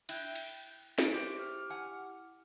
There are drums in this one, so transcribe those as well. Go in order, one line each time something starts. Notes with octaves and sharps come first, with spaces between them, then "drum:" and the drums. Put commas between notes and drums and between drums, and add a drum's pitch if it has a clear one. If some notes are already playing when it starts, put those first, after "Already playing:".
E4 G5 F#6, drum: cymbal
drum: cymbal
E5 B6 D7, drum: snare
E4 G4 C5 D6
F6
F#5 G#5